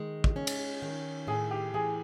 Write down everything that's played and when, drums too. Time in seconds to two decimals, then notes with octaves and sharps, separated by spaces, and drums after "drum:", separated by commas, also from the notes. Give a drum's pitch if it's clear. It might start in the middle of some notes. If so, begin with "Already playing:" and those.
Already playing: D#3 G#3
0.24 drum: kick
0.36 C#4
0.47 drum: cymbal
0.82 D#3
1.27 A2 G#4
1.51 G4
1.74 E3 G#4